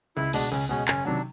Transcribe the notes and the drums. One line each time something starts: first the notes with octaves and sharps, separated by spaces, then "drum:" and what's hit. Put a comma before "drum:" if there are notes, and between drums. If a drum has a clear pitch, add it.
C#2 E4
B2 G#3 D4, drum: cymbal
C#2 C#4
B2 G#3 C#4
F#1 C#4, drum: clap
C3 D#3 F#3 D4